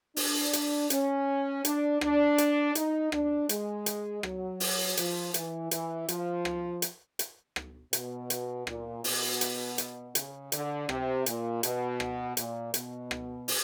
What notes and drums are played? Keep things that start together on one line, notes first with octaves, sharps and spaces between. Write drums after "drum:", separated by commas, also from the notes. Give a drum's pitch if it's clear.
D4, drum: open hi-hat
drum: hi-hat
C#4, drum: hi-hat
D4, drum: hi-hat
D4, drum: rim click
drum: hi-hat
D#4, drum: hi-hat
D4, drum: rim click
G#3, drum: hi-hat
drum: hi-hat
F#3, drum: rim click
drum: open hi-hat
F3, drum: hi-hat
E3, drum: hi-hat
E3, drum: hi-hat
F3, drum: hi-hat
drum: rim click
drum: hi-hat
drum: hi-hat
drum: rim click
B2, drum: hi-hat
drum: hi-hat
A#2, drum: rim click
B2, drum: open hi-hat
drum: hi-hat
drum: hi-hat
C#3, drum: hi-hat
D3, drum: hi-hat
C3, drum: rim click
A#2, drum: hi-hat
B2, drum: hi-hat
drum: rim click
A#2, drum: hi-hat
B2, drum: hi-hat
drum: rim click
drum: open hi-hat